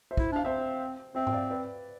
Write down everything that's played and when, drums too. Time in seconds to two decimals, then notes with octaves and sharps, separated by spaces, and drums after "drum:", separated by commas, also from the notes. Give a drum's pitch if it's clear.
0.11 C5 E5
0.17 E4, drum: kick
0.32 D4 F5
0.45 C4 C5 E5
1.15 C4 C5 E5
1.27 G5, drum: tom G#2
1.33 D5 F5
1.50 B4 D5